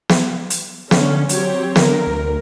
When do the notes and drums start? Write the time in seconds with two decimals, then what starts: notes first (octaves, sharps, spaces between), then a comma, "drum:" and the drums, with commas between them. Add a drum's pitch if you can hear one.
0.09 drum: snare
0.50 drum: hi-hat
0.91 D3 C#4, drum: snare
1.29 F#3 C4 G4 C#5, drum: hi-hat
1.76 D3 A#4, drum: snare
2.07 D2